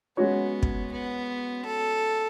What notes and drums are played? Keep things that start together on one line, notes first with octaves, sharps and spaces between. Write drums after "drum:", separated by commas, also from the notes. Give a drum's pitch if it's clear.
G#3 B3 C#4 F#4 C#5
drum: kick
B3
A4